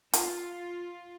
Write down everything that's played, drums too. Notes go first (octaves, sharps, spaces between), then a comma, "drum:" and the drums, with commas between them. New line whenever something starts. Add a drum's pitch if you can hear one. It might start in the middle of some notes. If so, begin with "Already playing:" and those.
F4, drum: hi-hat